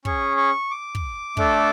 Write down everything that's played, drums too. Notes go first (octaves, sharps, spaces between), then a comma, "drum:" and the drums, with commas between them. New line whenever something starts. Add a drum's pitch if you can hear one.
C#4 G#4 C#6, drum: kick
C#6
D6
drum: kick
A3 D4 A4, drum: kick